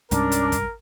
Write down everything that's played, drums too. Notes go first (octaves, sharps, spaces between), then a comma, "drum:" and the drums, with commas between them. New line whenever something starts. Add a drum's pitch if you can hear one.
C2 G2 G#3 C#4 D4 A#4, drum: hi-hat
drum: hi-hat
drum: kick, hi-hat